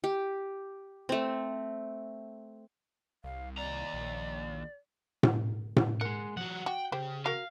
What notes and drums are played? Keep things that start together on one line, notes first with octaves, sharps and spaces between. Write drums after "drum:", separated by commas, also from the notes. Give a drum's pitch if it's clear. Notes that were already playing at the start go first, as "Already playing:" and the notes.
G4
A3 C4
C2 F5
D#2 D5 A#5
A#1
drum: tom A2
drum: tom A2
G#3 A#4 F#5
F3 F#4 F#5
F#4 G5
C#3 G4 C5 G5
F#4 A#4 F5